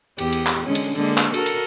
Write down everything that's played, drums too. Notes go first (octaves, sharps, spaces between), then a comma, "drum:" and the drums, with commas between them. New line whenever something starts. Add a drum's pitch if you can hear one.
E2 G4, drum: cymbal
drum: cymbal
drum: clap
D3 G#3 C#4
drum: cymbal
D3 G#3 A#3
drum: clap
F#4 A4 A#4, drum: cymbal
drum: cymbal